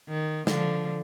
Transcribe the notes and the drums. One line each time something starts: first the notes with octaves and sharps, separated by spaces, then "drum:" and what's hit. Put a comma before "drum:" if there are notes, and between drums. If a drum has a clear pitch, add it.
D#3
D3 F3, drum: snare